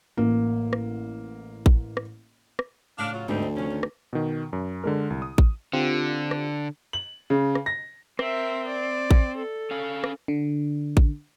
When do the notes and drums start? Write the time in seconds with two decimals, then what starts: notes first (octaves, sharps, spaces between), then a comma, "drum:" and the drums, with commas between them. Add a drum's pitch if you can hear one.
0.17 A1 A#3
0.73 drum: rim click
1.66 drum: kick A1
1.97 drum: rim click
2.59 drum: rim click
2.98 A2 C#3 D4 F5
3.13 F#3 F4
3.28 D2 G#2 C3 G3 B3 C4 D#4
3.42 D4
3.56 C3 F3 C#4
3.70 D#3
3.83 drum: rim click
4.13 B2 D#3
4.53 F#2
4.84 D3 G#3 A#4
5.10 C2
5.22 D#6
5.38 drum: kick A1
5.73 D3 C4 F4 G4
6.31 drum: rim click
6.93 F#7
7.30 C#3
7.55 drum: rim click
7.66 A#6
8.19 C4 A#4 E5, drum: rim click
8.68 D5
9.11 drum: kick A1
9.36 A4
9.71 C#4 F5
10.04 drum: rim click
10.28 D3
10.97 drum: kick A1